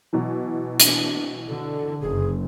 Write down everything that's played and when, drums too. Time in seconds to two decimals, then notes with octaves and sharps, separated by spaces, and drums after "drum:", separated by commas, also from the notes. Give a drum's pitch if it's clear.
0.13 B2 E3 F#3
0.80 D4, drum: hi-hat
1.48 D3 A4
2.01 F#1 G#4